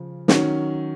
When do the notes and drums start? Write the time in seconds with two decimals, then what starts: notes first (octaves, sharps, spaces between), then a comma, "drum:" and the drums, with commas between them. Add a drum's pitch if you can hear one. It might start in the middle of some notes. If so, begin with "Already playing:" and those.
Already playing: C#3 F3
0.28 D#3 F#3 C#4, drum: snare